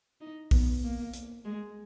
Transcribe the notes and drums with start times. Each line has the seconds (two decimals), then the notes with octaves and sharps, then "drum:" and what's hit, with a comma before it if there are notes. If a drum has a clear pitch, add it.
0.21 D#4
0.51 B3, drum: kick B1, open hi-hat
0.83 A#3
1.14 drum: hi-hat
1.45 G#3